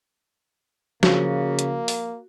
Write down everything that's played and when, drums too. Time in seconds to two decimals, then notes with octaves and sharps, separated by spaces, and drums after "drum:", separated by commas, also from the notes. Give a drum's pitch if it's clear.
1.03 C#3 F3 A#3 F#4, drum: snare
1.59 drum: hi-hat
1.88 drum: open hi-hat